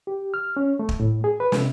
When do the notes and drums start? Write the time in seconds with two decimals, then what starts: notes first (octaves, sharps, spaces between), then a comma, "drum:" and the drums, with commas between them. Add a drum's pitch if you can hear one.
0.07 G4
0.34 F6
0.57 C#4
0.79 A3
0.89 drum: kick
1.00 A2
1.24 G#4
1.40 B4
1.52 C3, drum: snare